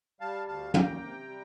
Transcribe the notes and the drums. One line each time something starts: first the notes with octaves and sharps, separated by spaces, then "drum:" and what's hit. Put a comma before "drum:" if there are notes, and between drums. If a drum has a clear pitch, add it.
G3 F5 A5
D2 F5 A5
A#3 G5 A#5, drum: tom
C3
G3